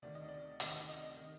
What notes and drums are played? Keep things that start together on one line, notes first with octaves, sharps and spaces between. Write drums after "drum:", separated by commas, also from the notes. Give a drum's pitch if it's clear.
D2 C3 D#3 D5
D#5
D5
D2 C3 D#3 D#5, drum: hi-hat
D#5
D#3